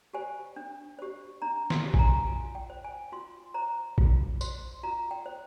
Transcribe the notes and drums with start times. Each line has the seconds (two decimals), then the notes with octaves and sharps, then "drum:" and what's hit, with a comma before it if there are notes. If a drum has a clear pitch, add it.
0.14 G4 C5 G#5
0.56 D4
0.99 G4 C5
1.42 D4 A#5
1.70 C6, drum: snare
1.85 G4 C5
1.94 G#5, drum: kick A#1
1.99 A#5
2.27 F4 G#5
2.55 G5
2.70 C5
2.84 G#5
3.12 F4 C6
3.54 C5 A#5
3.98 F4, drum: kick A#1
4.41 C5 C6, drum: tambourine
4.83 F4 A#5
5.11 G5
5.26 C5